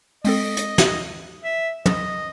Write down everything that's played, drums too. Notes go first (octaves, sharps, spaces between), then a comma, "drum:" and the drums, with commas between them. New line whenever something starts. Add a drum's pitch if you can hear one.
G#3 C4 A4 D#5, drum: open hi-hat
drum: hi-hat
drum: snare
E5
D#5, drum: tom